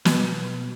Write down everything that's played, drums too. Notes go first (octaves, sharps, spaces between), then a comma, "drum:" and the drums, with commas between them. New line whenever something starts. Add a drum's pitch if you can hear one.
B2, drum: snare